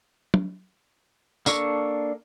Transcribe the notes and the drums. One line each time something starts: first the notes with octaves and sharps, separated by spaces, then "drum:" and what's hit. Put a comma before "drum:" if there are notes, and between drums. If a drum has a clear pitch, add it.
drum: tom
A#3 D4 A4 C#6, drum: tambourine